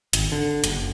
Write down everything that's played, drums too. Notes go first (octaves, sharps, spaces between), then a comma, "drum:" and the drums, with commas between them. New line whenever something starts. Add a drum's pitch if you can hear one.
G#1, drum: hi-hat
D3
F#1, drum: hi-hat